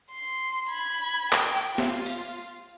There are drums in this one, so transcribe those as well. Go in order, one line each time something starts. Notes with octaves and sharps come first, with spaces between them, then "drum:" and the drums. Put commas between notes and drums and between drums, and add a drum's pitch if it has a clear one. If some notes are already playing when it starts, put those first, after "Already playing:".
C6
B5 G#6
G5, drum: clap
F4, drum: snare
drum: tambourine